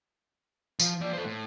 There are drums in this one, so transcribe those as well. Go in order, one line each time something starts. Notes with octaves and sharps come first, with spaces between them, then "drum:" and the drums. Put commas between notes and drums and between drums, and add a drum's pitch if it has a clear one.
F3, drum: tambourine
F3 D5
A4 C5
A2